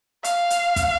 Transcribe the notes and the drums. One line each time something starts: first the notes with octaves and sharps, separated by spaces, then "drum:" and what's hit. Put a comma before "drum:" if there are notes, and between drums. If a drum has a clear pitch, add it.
F5, drum: hi-hat
drum: hi-hat
drum: kick, hi-hat